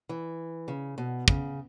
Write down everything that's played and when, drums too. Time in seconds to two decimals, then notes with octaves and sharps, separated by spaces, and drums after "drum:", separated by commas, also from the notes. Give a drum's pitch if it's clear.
0.09 E3
0.68 C#3
0.98 B2
1.28 C#3, drum: kick